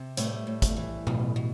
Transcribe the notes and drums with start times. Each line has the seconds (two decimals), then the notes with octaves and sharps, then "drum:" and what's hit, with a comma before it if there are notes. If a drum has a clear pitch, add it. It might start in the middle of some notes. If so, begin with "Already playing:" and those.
Already playing: C3
0.17 A2 G3 A3, drum: hi-hat
0.47 A2
0.62 drum: kick, hi-hat
0.76 E3
1.07 B2, drum: tom A2
1.36 B2